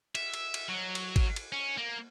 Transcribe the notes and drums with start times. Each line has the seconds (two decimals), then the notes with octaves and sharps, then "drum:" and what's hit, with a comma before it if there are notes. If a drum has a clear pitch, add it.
0.15 E5, drum: cymbal
0.34 drum: cymbal
0.54 drum: cymbal
0.69 F#3
0.95 drum: cymbal
1.16 drum: kick, cymbal
1.36 drum: cymbal
1.52 C#4
1.78 A#3